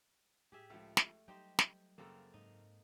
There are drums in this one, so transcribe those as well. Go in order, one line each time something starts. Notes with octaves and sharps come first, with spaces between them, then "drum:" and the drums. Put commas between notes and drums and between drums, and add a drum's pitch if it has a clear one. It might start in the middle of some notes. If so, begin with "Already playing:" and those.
A2 G4 G#4 E5
C#2 F3 A3
drum: snare
F#3 G3 D#4 G4 C5 G5
drum: snare
F#2 C#3 A#3 C4 A4
G#2 G#3 D#4